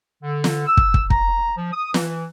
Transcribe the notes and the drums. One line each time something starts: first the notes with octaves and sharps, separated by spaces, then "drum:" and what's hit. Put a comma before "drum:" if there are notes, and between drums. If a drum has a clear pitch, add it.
D3
drum: snare
E6
drum: kick
drum: kick
A#5, drum: kick
F3
D#6
E3, drum: snare